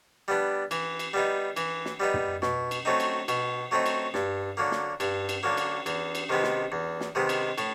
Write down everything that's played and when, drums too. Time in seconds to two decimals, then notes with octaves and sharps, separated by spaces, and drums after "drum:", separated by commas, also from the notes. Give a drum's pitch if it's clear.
0.28 G3 B3 D4
0.71 E3, drum: cymbal
0.99 drum: cymbal
1.14 G3 B3 D#4
1.57 E3, drum: cymbal
1.85 drum: snare
2.00 G3 B3 D#4
2.14 drum: tom
2.42 B2, drum: snare
2.71 drum: cymbal
2.85 F#3 A3 C4 D#4
3.00 drum: cymbal
3.28 B2, drum: cymbal
3.71 F#3 A3 C4 D#4
3.86 drum: cymbal
4.14 G2, drum: snare
4.57 D3 F#3 A#3
4.72 drum: snare
5.00 G2, drum: cymbal
5.29 drum: cymbal
5.43 D3 F#3 A#3
5.57 drum: cymbal
5.86 E2, drum: cymbal
6.15 drum: cymbal
6.29 C3 D#3 G#3 B3
6.43 drum: snare
6.72 E2
7.01 drum: snare
7.15 C3 D#3 G#3 B3
7.29 drum: cymbal
7.58 A2, drum: cymbal